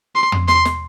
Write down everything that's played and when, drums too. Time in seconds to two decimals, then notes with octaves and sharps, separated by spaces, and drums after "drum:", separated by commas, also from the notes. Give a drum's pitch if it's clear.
0.15 C6
0.32 drum: tom
0.48 C6, drum: snare
0.65 drum: snare